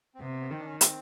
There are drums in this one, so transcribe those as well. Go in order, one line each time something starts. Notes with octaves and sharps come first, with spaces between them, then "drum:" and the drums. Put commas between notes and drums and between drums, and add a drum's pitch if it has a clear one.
C4
C3 B3
B3
B3
D#3 C4
D4
C#4
C4, drum: hi-hat